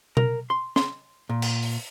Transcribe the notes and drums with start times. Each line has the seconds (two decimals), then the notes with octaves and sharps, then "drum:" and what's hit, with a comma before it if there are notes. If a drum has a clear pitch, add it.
0.17 A#4, drum: tom B2
0.50 C6
0.76 C6, drum: snare
1.29 A#2
1.42 drum: cymbal
1.62 drum: open hi-hat